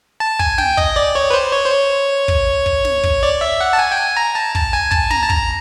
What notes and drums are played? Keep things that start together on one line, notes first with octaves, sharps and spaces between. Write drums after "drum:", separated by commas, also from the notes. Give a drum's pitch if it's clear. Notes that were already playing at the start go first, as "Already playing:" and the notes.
A5
G#5, drum: kick
G5, drum: snare
D#5, drum: kick
D5
C#5
B4
C5
C#5
C5
C#5
drum: kick
drum: kick
drum: snare
drum: kick
D5
E5
F#5
A5
G#5
G5
G#5
A#5
A5
A5, drum: kick
G#5
A5, drum: kick
A#5, drum: snare
A5
A#5, drum: kick